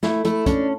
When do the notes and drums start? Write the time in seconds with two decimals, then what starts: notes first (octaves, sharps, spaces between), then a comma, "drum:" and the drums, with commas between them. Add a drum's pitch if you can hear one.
0.03 A3 E4, drum: snare
0.25 A3 E4, drum: hi-hat
0.46 C#4 D4, drum: kick, hi-hat